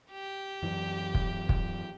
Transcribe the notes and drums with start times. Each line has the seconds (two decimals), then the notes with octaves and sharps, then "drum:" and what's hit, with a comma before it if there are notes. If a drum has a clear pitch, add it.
0.12 G4
0.63 F#2 E3
1.15 drum: kick
1.49 drum: kick